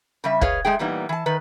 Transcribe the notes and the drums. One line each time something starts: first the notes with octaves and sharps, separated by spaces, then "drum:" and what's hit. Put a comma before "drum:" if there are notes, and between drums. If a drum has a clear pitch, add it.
C#3 G3 E5
G#4 B4 C#5 D#5 F5, drum: kick
G#3 A3 G#4 G5
A#2 E3 G3 A#3 B3 D#4
E3 A5
D#3 B4